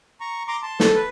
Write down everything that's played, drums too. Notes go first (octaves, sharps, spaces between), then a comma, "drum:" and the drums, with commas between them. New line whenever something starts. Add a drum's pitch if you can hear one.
A#5 C#6
A#5 C6 D6
A5 C6
A4, drum: snare
B4